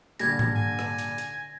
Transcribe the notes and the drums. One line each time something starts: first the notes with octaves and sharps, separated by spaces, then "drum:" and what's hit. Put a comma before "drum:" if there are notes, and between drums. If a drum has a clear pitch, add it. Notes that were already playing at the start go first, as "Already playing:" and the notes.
A#2 D3 G3 G#6 A#6, drum: hi-hat
drum: tom G#2
G#5
drum: rim click
drum: hi-hat
drum: hi-hat